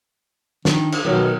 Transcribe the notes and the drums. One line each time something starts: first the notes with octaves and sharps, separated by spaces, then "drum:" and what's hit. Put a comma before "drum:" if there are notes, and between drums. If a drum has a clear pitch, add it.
D#3 D4, drum: snare
drum: cymbal
B2 D#3 F#3 A#4